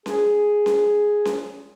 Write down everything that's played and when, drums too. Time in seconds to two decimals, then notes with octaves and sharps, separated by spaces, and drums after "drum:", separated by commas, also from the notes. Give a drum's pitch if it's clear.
0.06 G#4, drum: snare C#4
0.66 drum: snare C#4
1.25 drum: snare C#4